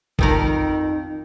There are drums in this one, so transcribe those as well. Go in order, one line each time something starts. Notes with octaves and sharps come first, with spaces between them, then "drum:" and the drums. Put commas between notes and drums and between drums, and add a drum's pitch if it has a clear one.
F2 D#3 A#4, drum: kick